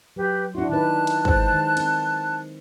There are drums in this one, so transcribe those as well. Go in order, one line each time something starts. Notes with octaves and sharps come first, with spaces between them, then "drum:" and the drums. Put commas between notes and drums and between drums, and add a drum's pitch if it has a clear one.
F#3 G4 B4
D4 E4 F#4 C6
D#3 D#4 B4 A5 F#6
drum: cymbal
G#3 C5, drum: kick
D#3
C4, drum: cymbal